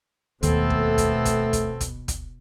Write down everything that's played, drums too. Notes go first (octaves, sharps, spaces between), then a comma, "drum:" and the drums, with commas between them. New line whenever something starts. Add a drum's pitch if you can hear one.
D#2 B2 A3 B3 C4 A4, drum: kick, hi-hat
drum: kick
drum: kick, hi-hat
drum: kick, hi-hat
drum: kick, hi-hat
drum: kick, hi-hat
drum: kick, hi-hat